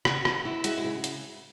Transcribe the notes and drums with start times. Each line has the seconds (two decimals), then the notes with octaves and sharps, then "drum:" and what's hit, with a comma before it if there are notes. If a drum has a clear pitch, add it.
0.05 C#3 F#4, drum: rim click
0.25 B3, drum: rim click
0.45 E4
0.64 G#3 F#4, drum: hi-hat
0.78 E4
0.84 C#3
1.04 drum: hi-hat